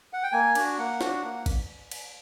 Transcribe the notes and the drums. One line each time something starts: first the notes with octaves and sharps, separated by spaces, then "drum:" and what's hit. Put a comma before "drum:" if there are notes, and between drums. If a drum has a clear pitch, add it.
F#5
G5
A#3 G#5
D4 F#4, drum: cymbal
A#3 F#5
D4 F#4, drum: snare
A#3
drum: kick G#1, cymbal
drum: cymbal